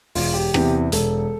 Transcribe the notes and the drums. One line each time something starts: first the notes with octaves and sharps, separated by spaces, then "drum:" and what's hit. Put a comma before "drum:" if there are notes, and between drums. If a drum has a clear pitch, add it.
E1 F4, drum: open hi-hat
G4
E2 C3 G4, drum: rim click
E1 A4, drum: hi-hat